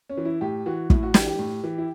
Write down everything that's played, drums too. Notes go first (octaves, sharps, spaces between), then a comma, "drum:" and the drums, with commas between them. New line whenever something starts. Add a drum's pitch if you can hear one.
C#4
E3
E4
A2 G4
E3 F#4
A2 E4, drum: kick
F#4
E3 G4, drum: snare
G4
A2
E3
E4